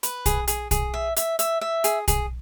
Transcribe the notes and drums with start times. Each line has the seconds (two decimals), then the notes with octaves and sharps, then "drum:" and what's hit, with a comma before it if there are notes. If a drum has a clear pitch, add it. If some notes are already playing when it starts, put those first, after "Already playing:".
0.03 B4, drum: hi-hat
0.26 G#4, drum: kick, hi-hat
0.48 G#4, drum: hi-hat
0.71 G#4, drum: kick, hi-hat
0.94 E5
1.16 E5, drum: hi-hat
1.39 E5, drum: hi-hat
1.61 E5
1.84 G#4, drum: hi-hat
2.08 G#4, drum: kick, hi-hat